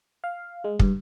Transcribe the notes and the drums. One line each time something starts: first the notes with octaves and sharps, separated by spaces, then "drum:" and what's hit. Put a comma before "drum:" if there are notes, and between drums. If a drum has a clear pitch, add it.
F5
G#3
G2, drum: kick